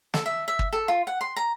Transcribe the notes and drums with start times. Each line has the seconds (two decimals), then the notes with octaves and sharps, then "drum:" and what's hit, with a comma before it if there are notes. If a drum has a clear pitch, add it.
0.14 A4, drum: snare
0.26 E5
0.48 E5
0.59 drum: kick
0.73 A4
0.88 F4
1.07 F#5
1.21 C6
1.36 A#5